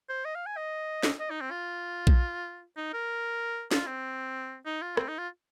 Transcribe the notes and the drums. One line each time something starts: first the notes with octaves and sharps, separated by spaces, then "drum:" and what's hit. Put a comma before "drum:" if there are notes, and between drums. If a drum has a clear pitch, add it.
C5
D#5
F5
G#5
D#5
drum: snare
D#5
D#4
C4
F4
drum: kick A#1
D#4
A#4
F4, drum: snare
C4
D#4
F4
C4, drum: rim click
D#4
F4